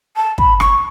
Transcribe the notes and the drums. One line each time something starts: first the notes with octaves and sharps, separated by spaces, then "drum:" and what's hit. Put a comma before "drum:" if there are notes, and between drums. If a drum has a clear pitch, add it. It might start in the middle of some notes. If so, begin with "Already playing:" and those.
A5
B5, drum: kick
C#6, drum: rim click